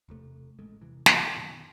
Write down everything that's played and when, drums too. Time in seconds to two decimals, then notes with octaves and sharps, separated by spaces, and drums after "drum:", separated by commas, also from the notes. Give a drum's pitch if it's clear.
0.09 E1 C3 A3
0.59 A1 G#3 A3
0.81 E1 C3 E3
1.06 D#3, drum: snare
1.37 F#2 B2 D#3